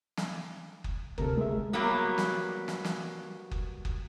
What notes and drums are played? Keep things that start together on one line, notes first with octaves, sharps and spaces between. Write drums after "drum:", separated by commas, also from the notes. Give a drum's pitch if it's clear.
drum: snare
drum: kick F#1
D2 C3 A4 A#4, drum: kick F#1
G#3 G#4 A#4 E5
F#3 G3 A#3 B3
drum: snare
drum: snare
drum: snare
drum: kick F#1
drum: kick F#1